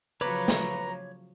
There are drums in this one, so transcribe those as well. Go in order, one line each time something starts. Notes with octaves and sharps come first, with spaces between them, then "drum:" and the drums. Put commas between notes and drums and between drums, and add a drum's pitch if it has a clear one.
C#3 F3 F#3 B4 C#5 A#5 B5 D6
drum: snare